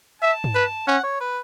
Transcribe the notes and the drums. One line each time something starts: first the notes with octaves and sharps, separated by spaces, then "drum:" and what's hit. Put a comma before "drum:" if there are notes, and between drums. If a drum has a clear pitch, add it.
E5 A5
drum: tom
B4
C#4 F#5
C#5
B4